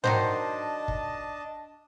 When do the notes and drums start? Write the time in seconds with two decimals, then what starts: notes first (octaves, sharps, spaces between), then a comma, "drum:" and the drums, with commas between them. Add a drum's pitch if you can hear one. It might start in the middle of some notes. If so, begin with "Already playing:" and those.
0.04 D#3 F#3 D4 C5 D#5 A5, drum: tom G#2
0.88 drum: kick